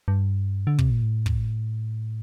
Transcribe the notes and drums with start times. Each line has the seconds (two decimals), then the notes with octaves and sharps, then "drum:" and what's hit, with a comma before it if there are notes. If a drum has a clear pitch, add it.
0.08 G2
0.67 D3
0.79 C3, drum: kick
0.90 A#2
1.03 A2
1.26 drum: kick